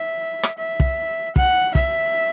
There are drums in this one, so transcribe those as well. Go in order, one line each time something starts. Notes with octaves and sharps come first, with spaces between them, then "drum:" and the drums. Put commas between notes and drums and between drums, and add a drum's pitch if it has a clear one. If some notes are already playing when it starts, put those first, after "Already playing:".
Already playing: E5
drum: rim click
E5
drum: kick
F#5, drum: kick
E5, drum: kick